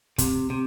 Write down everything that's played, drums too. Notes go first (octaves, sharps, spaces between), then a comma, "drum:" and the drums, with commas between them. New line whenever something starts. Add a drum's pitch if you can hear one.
C3, drum: kick, hi-hat
C3